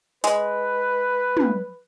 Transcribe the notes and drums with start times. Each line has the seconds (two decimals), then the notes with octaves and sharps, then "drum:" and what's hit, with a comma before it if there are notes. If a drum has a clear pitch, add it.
0.24 G#3 B4, drum: hi-hat
1.37 drum: tom